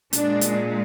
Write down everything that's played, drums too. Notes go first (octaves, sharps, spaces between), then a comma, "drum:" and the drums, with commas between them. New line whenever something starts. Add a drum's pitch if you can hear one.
A#2 G#3 D4, drum: hi-hat
drum: hi-hat